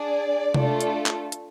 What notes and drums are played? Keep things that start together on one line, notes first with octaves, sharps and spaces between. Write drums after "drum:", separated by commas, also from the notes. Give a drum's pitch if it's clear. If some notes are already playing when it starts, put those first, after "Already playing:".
Already playing: D4 G#4 D5
A3 D4 F4 A4, drum: tom C3
drum: hi-hat
drum: clap
drum: hi-hat